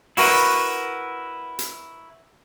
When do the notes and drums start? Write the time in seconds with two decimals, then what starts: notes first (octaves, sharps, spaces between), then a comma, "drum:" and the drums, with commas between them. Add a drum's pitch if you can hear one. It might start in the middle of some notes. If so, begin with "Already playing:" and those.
0.17 E4 F#4 A#4 B4, drum: open hi-hat
1.59 drum: hi-hat